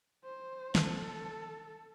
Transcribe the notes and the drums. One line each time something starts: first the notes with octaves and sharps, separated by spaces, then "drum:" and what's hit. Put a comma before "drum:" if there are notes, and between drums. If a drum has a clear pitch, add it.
C5
A4, drum: snare